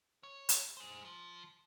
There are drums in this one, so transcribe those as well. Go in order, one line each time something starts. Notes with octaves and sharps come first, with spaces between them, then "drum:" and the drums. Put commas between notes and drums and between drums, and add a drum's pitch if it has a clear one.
C#5
drum: hi-hat
G#4 C5
F3